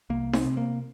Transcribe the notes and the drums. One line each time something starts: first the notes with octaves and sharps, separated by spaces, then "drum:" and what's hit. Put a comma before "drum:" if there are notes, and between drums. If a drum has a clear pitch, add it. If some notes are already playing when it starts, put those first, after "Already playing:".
C2 A#3
C4, drum: snare D#4
C3
A#3